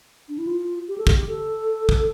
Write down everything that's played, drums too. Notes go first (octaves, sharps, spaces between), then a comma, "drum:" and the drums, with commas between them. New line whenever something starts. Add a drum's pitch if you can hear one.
D4
E4
F4
G4
A4
G4, drum: kick
A4
drum: kick